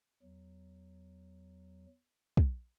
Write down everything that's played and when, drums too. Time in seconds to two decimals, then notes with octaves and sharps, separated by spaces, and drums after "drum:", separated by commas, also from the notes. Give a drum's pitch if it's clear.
0.22 E2 F#3
2.37 drum: kick